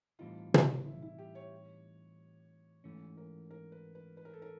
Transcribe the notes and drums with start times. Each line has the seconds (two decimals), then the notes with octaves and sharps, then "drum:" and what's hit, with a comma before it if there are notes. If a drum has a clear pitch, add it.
0.19 A2 E3 G3 C4 D#4 F4
0.54 drum: tom
0.86 E4
1.02 E4
1.18 G4
1.35 C#5
2.84 G#2 E3 A3 C#4
3.17 A#4
3.51 A#4
3.72 B4
3.95 B4
4.17 B4
4.25 A#4
4.34 A4
4.42 A#4